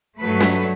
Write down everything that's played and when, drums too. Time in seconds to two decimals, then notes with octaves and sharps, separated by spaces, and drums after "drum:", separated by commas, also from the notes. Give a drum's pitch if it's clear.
0.19 G2 F#3 A3 B4
0.40 drum: snare